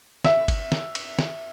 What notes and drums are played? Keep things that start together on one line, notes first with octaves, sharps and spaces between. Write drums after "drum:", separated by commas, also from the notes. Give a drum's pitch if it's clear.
E5, drum: snare
drum: kick, cymbal
drum: snare
drum: cymbal
drum: snare